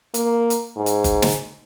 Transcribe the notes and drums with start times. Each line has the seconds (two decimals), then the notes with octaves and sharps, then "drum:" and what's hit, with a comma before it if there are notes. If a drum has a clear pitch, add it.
0.14 A#3, drum: hi-hat
0.50 drum: hi-hat
0.77 G#2
0.86 drum: hi-hat
1.04 drum: kick F#1, hi-hat
1.22 drum: snare